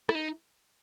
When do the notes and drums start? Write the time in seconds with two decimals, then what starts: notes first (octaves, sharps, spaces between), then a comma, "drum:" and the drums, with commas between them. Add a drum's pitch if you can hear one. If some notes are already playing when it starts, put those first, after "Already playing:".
0.09 E4, drum: rim click
0.15 D#4